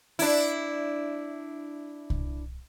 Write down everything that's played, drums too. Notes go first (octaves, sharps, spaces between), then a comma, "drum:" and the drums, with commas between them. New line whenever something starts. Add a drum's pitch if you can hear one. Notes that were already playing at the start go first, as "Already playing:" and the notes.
D4 E4, drum: open hi-hat
drum: kick C2